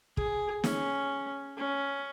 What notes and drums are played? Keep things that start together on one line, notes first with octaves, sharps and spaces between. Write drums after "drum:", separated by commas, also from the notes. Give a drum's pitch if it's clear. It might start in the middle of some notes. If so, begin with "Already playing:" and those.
G#4, drum: kick
C#4, drum: snare
C#4